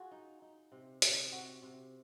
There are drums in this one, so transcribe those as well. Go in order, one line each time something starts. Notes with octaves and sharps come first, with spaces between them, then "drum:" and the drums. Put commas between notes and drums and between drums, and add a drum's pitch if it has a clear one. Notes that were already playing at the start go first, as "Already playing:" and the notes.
Already playing: F4 F#4 G#4
D#4
D#4
C3
C3, drum: hi-hat
C3 F#4
C3